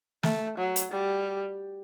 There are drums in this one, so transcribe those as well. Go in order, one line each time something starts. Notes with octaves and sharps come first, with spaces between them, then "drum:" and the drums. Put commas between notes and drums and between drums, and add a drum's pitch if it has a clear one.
A3, drum: snare
F#3
drum: hi-hat
G3